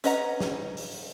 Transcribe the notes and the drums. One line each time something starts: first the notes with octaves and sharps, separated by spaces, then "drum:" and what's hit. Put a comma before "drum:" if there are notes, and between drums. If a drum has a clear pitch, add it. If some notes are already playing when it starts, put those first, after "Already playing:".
C#4 B4 D#5 F#5 A#5, drum: hi-hat
drum: snare
drum: open hi-hat